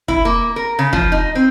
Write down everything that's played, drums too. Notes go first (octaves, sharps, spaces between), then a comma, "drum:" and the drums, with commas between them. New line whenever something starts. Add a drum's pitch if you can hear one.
E4, drum: kick
A#3
A#4
C#3
F3, drum: kick
D#4
C4